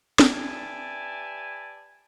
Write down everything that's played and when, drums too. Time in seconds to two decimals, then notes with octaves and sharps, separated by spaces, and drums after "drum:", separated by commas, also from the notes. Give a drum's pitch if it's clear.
0.19 G4 B4 D5 E5 G#5 A5, drum: snare